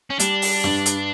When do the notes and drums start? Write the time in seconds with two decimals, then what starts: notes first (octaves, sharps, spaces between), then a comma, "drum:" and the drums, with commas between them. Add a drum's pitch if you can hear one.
0.10 C#4
0.20 G3 D4, drum: hi-hat
0.42 drum: open hi-hat
0.64 G2, drum: snare
0.86 drum: hi-hat